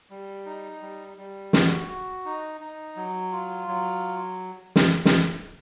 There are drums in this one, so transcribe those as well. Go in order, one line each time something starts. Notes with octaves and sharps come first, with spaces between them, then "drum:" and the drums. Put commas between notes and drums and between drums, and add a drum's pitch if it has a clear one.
G3
D#4
G3
G3
F#4, drum: snare
F#4
D#4
D#4
F#3
F4
F#3
drum: snare
drum: snare